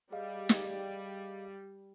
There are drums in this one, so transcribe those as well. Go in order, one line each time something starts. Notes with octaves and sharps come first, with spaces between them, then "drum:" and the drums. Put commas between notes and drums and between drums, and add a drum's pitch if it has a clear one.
G3 G#4 D#5 F5
drum: snare